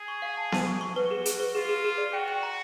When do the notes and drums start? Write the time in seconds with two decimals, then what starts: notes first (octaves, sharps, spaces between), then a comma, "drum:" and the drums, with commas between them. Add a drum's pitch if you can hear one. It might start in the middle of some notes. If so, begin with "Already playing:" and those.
Already playing: G#4
0.08 C#6
0.22 F5
0.37 A5
0.52 A5, drum: snare B3
0.67 C#6
0.81 C#6
0.96 F#4 B4
1.11 G#4
1.26 G#4, drum: hi-hat
1.40 B4
1.55 F4 G#4
1.69 G#4
1.84 G#4
1.98 D5
2.13 F#4 G5
2.28 G5
2.43 A#5